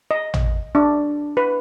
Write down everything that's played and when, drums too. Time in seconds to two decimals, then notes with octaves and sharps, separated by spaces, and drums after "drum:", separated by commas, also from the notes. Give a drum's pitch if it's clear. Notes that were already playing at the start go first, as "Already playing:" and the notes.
0.11 D#5
0.34 drum: tom
0.75 D4
1.37 B4